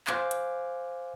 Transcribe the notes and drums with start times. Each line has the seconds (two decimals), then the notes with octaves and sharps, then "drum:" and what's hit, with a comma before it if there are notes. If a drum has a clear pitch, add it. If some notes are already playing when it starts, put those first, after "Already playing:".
0.07 C5 F5 G#5 D6 F#6, drum: clap
0.31 drum: hi-hat